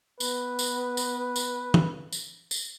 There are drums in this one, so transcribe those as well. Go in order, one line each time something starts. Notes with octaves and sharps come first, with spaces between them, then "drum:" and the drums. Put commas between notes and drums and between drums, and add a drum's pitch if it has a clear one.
B3 B4, drum: tambourine
drum: tambourine
drum: tambourine
drum: tambourine
drum: tom E3
drum: tambourine
drum: tambourine